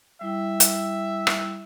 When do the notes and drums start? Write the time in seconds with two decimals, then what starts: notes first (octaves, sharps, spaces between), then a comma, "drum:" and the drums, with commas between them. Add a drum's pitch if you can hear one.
0.21 G3 E4 E5 G5
0.60 drum: hi-hat
1.27 drum: rim click